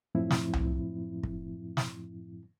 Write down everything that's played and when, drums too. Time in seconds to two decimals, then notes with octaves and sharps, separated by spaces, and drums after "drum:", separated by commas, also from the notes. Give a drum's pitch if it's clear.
0.15 F#2 A2 F3 C4 E4
0.31 drum: snare
0.53 drum: tom C2
1.23 drum: kick
1.77 drum: snare